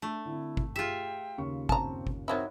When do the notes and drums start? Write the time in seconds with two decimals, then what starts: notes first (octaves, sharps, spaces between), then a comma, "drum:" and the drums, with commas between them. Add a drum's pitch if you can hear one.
0.02 A3 D4
0.25 D3 C4 E4
0.57 drum: kick
0.76 F4 G4 G#4 E5 G5
1.38 D#2 C#3 C#6
1.69 C4 A5 A#5, drum: kick
2.07 drum: kick
2.28 D#3 F#3 C4 E4